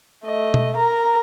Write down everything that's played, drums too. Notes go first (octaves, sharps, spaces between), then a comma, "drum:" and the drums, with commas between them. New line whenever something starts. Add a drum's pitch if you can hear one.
A3 D#5
drum: tom B2
A#4 A#5